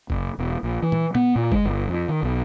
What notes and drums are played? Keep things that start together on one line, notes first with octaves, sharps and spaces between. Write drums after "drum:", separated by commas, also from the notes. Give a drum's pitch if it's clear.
F#1, drum: kick F#1
E1
A#1
E3
drum: tom
B3, drum: tom
A#2
G#3, drum: kick F#1
G1
F2
D#3
B1